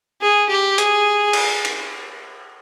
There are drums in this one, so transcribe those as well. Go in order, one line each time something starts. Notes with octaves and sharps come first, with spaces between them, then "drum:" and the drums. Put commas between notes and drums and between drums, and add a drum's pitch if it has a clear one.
G#4
G4
G#4, drum: hi-hat
drum: cymbal
drum: cymbal